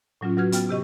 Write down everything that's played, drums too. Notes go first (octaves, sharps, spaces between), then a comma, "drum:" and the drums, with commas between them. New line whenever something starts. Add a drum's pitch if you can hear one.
A2 F#3 C#4 F4
F#3 F#4 B4 F6 G6 G#6
B3 G5 F6 A6, drum: hi-hat
C3 G4 D#5 C#6